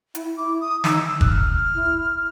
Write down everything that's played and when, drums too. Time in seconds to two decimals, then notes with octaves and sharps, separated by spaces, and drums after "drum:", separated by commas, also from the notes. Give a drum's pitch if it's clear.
0.15 E4, drum: hi-hat
0.37 E4 D6
0.61 D#6
0.84 D#4 E6, drum: snare
1.07 E6
1.21 F#6, drum: kick
1.28 F6
1.75 E4